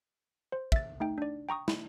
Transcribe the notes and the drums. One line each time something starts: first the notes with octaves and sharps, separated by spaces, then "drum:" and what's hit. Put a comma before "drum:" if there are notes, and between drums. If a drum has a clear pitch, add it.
C5
E5 A6, drum: kick
A3 D#4 G5
D4 D5
G5 A#5 C#6 D#6
E4, drum: snare